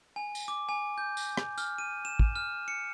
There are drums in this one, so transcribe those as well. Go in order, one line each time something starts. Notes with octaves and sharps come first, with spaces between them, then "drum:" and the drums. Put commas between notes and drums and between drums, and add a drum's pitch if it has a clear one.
G#5
drum: tambourine
D6
G#5
G6
drum: tambourine
drum: rim click
F6, drum: tambourine
D#7
E7
drum: kick
F6
C#7